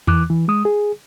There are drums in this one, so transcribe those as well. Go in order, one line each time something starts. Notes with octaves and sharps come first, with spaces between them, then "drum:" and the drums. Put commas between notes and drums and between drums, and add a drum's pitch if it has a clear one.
E3 D6 F#6, drum: tom E2
E3
G#3 D#6
G#4